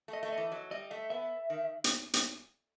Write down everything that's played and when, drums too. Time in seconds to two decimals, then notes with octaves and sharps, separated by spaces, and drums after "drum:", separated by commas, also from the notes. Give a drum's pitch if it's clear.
0.08 A3
0.13 D#5
0.23 A3
0.33 D#5
0.38 E3
0.52 F#3
0.71 G3 D#5
0.91 A3 E5
1.10 B3 E5
1.50 D#3
1.84 drum: hi-hat
2.13 drum: hi-hat